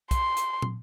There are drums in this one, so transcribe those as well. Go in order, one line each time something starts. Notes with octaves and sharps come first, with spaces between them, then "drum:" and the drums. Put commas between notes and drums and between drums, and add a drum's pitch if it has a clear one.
C6, drum: kick, hi-hat
drum: hi-hat
drum: tom